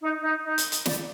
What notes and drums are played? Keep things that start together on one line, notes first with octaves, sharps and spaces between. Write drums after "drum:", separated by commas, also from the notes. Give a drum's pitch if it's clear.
D#4
D#4
D#4
drum: hi-hat
drum: hi-hat
D5, drum: snare